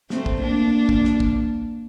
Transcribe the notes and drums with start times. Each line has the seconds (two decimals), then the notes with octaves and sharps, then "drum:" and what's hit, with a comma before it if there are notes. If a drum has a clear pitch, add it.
0.10 A3 C4, drum: snare
0.26 drum: kick
0.41 A#3 D4
0.89 drum: kick
1.05 drum: snare
1.20 drum: kick